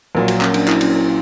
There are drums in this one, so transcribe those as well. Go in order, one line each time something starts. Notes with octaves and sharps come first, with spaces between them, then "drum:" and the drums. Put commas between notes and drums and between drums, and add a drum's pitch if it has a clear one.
A#1 A#2 F#3 A#4
F#4, drum: cymbal
C#4, drum: clap
D4, drum: cymbal
E4, drum: clap
C#4, drum: cymbal
E4